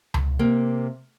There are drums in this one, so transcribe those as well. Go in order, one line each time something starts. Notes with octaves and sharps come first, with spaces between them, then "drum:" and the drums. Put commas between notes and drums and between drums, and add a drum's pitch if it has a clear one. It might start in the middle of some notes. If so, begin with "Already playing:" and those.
drum: tom C#2
C3 A#3